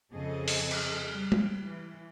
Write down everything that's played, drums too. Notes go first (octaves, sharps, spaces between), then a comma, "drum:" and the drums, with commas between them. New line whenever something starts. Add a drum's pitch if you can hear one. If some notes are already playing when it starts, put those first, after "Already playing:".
F2 C#3 C4 G#4 A4 D#5
drum: open hi-hat
drum: cymbal
G3
drum: tom
E3